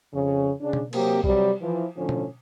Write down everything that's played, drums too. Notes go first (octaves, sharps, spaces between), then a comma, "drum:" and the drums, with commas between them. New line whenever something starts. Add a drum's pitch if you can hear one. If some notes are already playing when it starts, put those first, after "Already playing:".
F2 C#3
C#3 D4
drum: tom B2
C3 F#3 A#3 C4 G4, drum: cymbal
C3 F#3 G3, drum: kick B1
E3 F3
A2 D3 F3 C#4
drum: tom B2